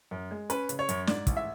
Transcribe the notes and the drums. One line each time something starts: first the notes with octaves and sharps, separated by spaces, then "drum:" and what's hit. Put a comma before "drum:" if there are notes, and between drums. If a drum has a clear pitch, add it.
F#2
G#3
C#4 B4, drum: hi-hat
C#3, drum: hi-hat
C#5
F#2, drum: hi-hat
G#2 D5, drum: snare
A1, drum: kick, hi-hat
E5